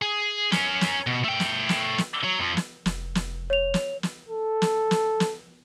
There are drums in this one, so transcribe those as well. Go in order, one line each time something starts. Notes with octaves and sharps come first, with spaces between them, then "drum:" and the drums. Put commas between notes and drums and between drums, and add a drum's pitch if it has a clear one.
G#4
C#4 A#4, drum: snare
drum: snare
B2
A3 G5
drum: snare
drum: snare
drum: snare
F#3
F2 F3
drum: snare
F1, drum: snare
drum: snare
C#5 F7
drum: snare
drum: snare
A4
drum: snare
drum: snare
drum: snare